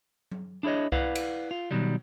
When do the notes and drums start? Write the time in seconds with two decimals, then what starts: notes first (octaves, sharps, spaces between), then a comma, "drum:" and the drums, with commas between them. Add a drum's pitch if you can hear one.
0.32 drum: tom F#3
0.63 D4 E4 G#4 C#5 D#5
0.92 E4 B4 D5 F5 F#5, drum: kick C2
1.15 drum: cymbal
1.51 F4
1.71 B2 D#3 F#3 G3